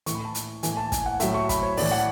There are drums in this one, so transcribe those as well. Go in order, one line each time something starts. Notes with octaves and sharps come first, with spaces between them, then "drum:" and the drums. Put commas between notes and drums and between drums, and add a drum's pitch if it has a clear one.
A2 E3 C#6, drum: hi-hat
B5
A5
drum: hi-hat
A2 E3 G#5, drum: hi-hat
A5
G#5, drum: kick, hi-hat
F#5
A2 F#3 E5, drum: hi-hat
C#6
B5, drum: kick, hi-hat
C#5
A2 E3 D5, drum: open hi-hat
F#5